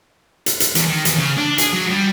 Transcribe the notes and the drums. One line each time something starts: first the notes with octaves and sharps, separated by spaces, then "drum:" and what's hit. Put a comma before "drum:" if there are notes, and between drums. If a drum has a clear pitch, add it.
drum: hi-hat
drum: hi-hat
E2, drum: hi-hat
D#3
E2, drum: hi-hat
C#3
D4
G#4, drum: hi-hat
F#3
G3